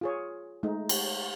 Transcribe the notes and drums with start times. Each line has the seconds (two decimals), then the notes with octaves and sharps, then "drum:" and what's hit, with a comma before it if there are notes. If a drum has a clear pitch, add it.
0.01 F4 G#4 C#5
0.63 G#3 A3 D#4
0.89 drum: cymbal